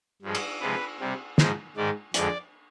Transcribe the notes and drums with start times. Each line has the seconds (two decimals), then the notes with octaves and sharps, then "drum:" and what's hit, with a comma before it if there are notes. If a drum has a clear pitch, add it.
0.22 G2 F3 G#3
0.35 drum: cymbal
0.61 C3 F3 G#3 B4
1.00 C3 G3
1.38 G#2 F3 G#3 C5, drum: snare
1.77 G#2 D#3 G#3 D5
2.14 F2 D3 G#3 D5, drum: hi-hat